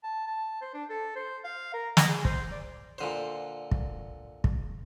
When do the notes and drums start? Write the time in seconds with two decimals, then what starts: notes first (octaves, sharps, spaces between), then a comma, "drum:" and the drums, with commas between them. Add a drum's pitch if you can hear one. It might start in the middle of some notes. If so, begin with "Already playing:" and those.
0.03 A5
0.27 A5
0.61 C5
0.74 D4
0.89 A4
1.16 C5
1.44 F5
1.74 A#4
1.97 D#5, drum: snare
2.08 G#4
2.25 C5, drum: kick
2.52 D5
2.98 A#2 D3 C5
3.71 drum: kick
4.44 drum: kick